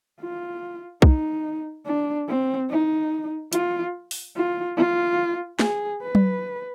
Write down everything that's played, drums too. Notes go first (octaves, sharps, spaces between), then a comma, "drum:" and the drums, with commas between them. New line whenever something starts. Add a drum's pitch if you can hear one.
F4
D#4, drum: kick B1
D4
C4
D#4
F4, drum: hi-hat
drum: open hi-hat
F4
F4
G#4, drum: snare
B4
drum: tom F#3